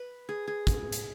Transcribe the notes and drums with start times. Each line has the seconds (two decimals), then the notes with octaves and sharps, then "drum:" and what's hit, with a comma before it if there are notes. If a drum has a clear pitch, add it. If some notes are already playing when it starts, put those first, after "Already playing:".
Already playing: B4
0.29 G#4
0.48 G#4
0.67 drum: kick, hi-hat
0.92 drum: hi-hat